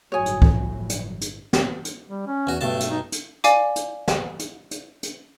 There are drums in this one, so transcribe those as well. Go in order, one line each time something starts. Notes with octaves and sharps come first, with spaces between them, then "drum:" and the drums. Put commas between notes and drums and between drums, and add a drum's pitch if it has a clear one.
G1 A2 F#3 F#4 C#5 G#5 D#6 G#6
drum: hi-hat
drum: kick C2
F3
drum: hi-hat
drum: hi-hat
drum: snare
drum: hi-hat
G3
C#4
E2 F#4
B1 G2 A3 A5
drum: hi-hat
D#4
drum: hi-hat
D5 F5 G#5 D6, drum: hi-hat
drum: hi-hat
drum: snare
drum: hi-hat
drum: hi-hat
drum: hi-hat